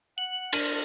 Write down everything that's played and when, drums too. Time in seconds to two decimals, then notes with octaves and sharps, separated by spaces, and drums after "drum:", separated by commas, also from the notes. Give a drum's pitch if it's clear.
0.18 F#5 F#7
0.53 D4 A#4 D#7, drum: cymbal